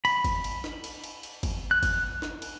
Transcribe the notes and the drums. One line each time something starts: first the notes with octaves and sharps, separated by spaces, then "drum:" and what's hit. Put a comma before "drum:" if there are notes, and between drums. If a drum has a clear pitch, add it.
B5, drum: cymbal
drum: kick G1, cymbal
drum: cymbal
drum: snare
drum: cymbal
drum: cymbal
drum: cymbal
drum: kick G1, cymbal
F#6
drum: kick G1, cymbal
drum: snare
drum: cymbal